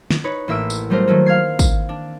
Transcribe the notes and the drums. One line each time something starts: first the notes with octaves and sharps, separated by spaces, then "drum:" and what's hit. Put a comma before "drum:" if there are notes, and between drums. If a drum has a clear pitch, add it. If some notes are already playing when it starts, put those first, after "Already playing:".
drum: snare
D#4 B4 C#5
A1 A#3 E5 E6 D7
drum: tambourine
F#3 G3 A3 C4 A#4 C5
D#3 F#3 A3 A#3
F5 F6 G#6 C7
drum: kick, tambourine
D4